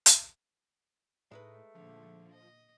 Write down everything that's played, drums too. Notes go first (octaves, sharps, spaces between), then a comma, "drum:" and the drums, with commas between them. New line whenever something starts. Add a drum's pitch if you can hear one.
drum: hi-hat
A2 G#3 A3 D#4 B4
A#2 D3 F3
D#5